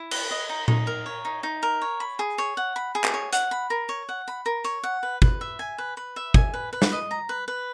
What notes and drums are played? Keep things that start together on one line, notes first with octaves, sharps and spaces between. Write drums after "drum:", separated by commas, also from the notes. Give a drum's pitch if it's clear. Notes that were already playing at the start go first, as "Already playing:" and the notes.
Already playing: E4
B4, drum: cymbal
D#5
D#4
D#4, drum: tom A#2
A#4
C#5
D#4
D#4
A#4
C#5
B5
G#4
C#5
F#5
B5
G#4
drum: clap
C#5
F#5, drum: hi-hat
B5
A#4
C#5
F#5
B5
A#4
C#5
F#5
B4
B4, drum: kick
E5
G#5
B4
B4
E5
G#5, drum: kick
B4
B4
drum: snare
D#5
A#5
B4
B4